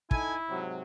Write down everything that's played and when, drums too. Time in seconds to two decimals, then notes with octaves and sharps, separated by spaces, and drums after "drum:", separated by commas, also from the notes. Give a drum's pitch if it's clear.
0.11 D#4 E4 A4 G#5, drum: kick
0.50 G#2 C3 F#3